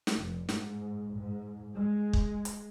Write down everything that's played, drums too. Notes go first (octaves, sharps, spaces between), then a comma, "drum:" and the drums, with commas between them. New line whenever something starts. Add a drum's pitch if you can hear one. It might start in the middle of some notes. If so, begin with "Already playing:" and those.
drum: snare
F1
G#2, drum: snare
G#2
G#3
drum: kick
drum: hi-hat